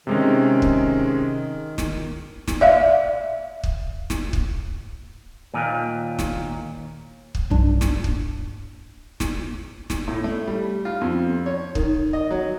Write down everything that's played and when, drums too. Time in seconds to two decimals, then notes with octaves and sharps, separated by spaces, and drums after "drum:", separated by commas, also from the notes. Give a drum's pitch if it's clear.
0.07 C3 D#3 G#3 C#4
0.62 drum: kick
1.78 drum: snare
2.48 drum: snare
2.61 D5 E5 F5
3.64 drum: kick
4.10 drum: snare
4.33 drum: kick
5.54 D#2 A#2
6.19 drum: snare
7.35 drum: kick
7.50 B1 G2 D4
7.81 drum: snare
8.04 drum: kick
9.20 drum: snare
9.90 drum: snare
10.08 A2
10.24 A3
10.48 G3
10.85 F4
11.01 F2
11.46 C#5
11.75 D#3, drum: kick
12.13 D#5
12.31 F#3